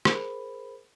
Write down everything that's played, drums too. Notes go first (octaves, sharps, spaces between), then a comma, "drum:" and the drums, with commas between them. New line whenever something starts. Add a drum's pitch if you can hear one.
G#4 A#4 C5 B5, drum: rim click